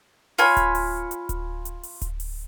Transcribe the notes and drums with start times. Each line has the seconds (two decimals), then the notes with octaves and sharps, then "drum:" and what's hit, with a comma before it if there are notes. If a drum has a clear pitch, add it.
0.38 F4 C#5 G#5 B5, drum: open hi-hat
0.57 drum: kick D1, hi-hat
0.75 drum: open hi-hat
1.11 drum: hi-hat
1.29 drum: kick D1, hi-hat
1.65 drum: hi-hat
1.83 drum: open hi-hat
2.02 drum: kick D1, hi-hat
2.20 drum: open hi-hat